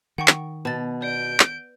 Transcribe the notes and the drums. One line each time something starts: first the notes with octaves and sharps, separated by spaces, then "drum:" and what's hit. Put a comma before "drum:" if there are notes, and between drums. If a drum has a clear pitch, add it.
D#3 F#5 G5 C#6
drum: clap
B2 A5 A6
D5 G6 D7
drum: clap